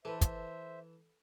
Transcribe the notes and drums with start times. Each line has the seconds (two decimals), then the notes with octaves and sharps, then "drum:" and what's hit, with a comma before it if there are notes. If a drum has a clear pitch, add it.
0.05 E3 A4 B4 C5 E5
0.21 drum: kick, hi-hat